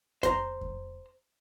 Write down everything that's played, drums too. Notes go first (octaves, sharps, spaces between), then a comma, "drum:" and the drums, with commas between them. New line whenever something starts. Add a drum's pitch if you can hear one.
C5 A#5, drum: kick F2, hi-hat
drum: kick F2